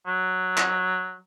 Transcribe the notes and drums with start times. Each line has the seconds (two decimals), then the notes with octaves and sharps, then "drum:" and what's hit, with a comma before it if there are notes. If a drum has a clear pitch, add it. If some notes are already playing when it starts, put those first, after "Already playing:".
0.07 F#3
0.57 drum: clap